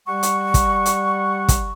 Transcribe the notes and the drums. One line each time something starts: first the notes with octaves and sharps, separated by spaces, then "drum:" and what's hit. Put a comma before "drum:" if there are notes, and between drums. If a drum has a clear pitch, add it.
G3 F#5 C#6
drum: hi-hat
drum: kick, hi-hat
drum: hi-hat
drum: kick, hi-hat